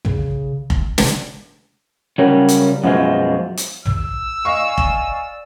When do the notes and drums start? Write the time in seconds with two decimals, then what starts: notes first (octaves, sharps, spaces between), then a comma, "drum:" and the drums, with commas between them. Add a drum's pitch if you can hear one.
0.05 C#3, drum: tom
0.70 drum: kick F1
0.98 drum: snare
2.18 C#3 F#3 G3 C#4 A#4
2.49 drum: hi-hat
2.84 F#2 B2 F3 G#3
3.57 drum: hi-hat
3.86 E6, drum: tom
4.45 D5 D#5 F5 G#5 C#6
4.78 drum: kick F1